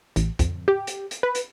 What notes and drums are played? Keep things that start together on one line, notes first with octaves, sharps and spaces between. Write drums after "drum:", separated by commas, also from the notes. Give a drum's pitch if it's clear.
A1, drum: hi-hat
F2, drum: kick, hi-hat
G4
drum: hi-hat
drum: hi-hat
B4
drum: hi-hat